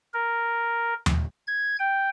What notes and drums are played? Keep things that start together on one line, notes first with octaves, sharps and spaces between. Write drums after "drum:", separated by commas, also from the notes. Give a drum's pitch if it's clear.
A#4
drum: tom D#2
G#6
G5